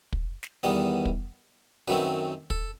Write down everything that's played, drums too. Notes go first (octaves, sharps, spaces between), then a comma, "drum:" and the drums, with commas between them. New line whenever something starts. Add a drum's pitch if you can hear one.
drum: kick
drum: snare
E2 D#3 G3 B3 D#5
drum: kick
F#2 D#3 F#3 A3 C4 B4
A4, drum: kick